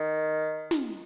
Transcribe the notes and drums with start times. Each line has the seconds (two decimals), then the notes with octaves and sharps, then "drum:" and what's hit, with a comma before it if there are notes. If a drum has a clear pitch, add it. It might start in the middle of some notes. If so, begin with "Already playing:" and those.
Already playing: D#3
0.71 drum: snare